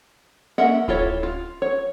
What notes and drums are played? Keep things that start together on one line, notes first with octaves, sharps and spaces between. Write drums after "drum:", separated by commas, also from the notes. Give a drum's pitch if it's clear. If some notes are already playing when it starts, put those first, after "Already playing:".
C#4 G4 A#4 E5 F#5, drum: tom A#3
E4 F4 G4 A4 C#5, drum: kick D1
F4
C#5